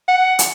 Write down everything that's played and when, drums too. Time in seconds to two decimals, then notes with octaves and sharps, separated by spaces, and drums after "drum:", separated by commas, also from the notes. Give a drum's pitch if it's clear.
0.08 F#5
0.39 drum: hi-hat